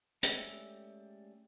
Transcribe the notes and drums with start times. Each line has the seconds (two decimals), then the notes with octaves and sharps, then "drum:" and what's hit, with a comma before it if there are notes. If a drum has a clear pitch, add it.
0.23 G#3 A3 C#4 G4 D5 E5, drum: hi-hat